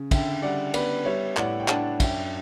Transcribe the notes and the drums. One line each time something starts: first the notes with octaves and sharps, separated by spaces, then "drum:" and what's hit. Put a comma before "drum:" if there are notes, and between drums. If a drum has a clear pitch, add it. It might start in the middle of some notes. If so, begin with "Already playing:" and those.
Already playing: C#3
D3 E5 G5, drum: kick, cymbal
G3 D5 F#5
B3 B4 D5, drum: cymbal
G3 C#5 E5
A2 D5 F#5, drum: clap
G5
D4 F#5 A5, drum: clap
F#2 E5 G5, drum: kick, cymbal